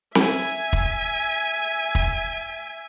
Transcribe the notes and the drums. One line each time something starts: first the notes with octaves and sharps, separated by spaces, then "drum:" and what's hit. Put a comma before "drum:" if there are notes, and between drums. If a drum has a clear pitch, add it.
E5 G#5, drum: snare C4
drum: kick
drum: kick